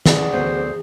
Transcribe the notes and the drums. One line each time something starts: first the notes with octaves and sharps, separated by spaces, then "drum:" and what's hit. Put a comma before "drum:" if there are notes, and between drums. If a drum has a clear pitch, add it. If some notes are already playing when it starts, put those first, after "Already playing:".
D4 F#4 G#4 E5, drum: snare
D2 B3 C5